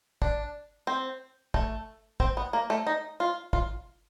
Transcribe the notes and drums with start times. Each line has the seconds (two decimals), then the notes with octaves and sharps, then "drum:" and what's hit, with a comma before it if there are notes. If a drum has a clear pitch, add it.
0.22 D4, drum: kick
0.87 C4
1.54 A3, drum: kick
2.20 C4, drum: kick
2.37 B3
2.53 A#3
2.70 A3
2.87 D#4
3.20 F4
3.53 F4, drum: kick